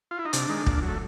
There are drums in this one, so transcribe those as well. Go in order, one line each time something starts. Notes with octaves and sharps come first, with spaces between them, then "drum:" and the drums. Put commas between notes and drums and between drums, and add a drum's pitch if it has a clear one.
F4
E4
D#4
C3 D4, drum: hi-hat
D#3 G#3
A#2, drum: kick
F#3
A3